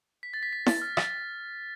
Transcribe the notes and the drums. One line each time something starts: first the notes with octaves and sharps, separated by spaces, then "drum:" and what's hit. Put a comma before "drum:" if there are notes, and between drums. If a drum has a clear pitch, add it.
B6
A6
B6
B6
A6, drum: snare E4
F6
A6, drum: rim click